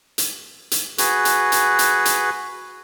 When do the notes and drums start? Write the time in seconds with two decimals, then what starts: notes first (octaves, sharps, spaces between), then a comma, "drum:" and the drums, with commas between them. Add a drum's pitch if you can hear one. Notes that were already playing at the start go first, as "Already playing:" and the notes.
0.18 drum: hi-hat
0.71 drum: hi-hat
0.98 F#4 G#4 B4, drum: hi-hat
1.25 drum: hi-hat
1.52 drum: hi-hat
1.79 drum: hi-hat
2.05 drum: hi-hat